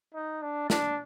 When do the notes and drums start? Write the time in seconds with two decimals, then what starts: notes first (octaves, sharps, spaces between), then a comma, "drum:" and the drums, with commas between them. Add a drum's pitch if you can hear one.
0.14 D#4
0.42 D4
0.70 D4, drum: snare